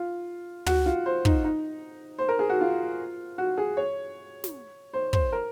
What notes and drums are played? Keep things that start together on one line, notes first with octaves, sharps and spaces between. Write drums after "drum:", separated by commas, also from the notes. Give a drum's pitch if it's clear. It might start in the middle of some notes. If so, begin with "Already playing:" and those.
Already playing: F4
F#4, drum: tom
F4
C5
D#4, drum: kick
D#4
C5
A#4
G#4
F#4
F4
F#4
G#4
C#5
drum: snare
C5
C5, drum: kick
A#4